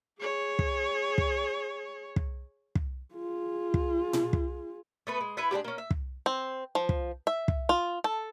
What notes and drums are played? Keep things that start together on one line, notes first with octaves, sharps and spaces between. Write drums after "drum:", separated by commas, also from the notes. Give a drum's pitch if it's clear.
G#4 C#5
drum: kick
drum: kick
drum: kick
drum: kick
F4 G#4
drum: kick
drum: tom A#2
drum: kick
A3 B3 B4
G#3
E4 B4 E5 F#5
G#3 D4 E4 G4
A#3 C#4
E5
drum: kick
C4
F3
drum: kick
E5
drum: kick
F4
A4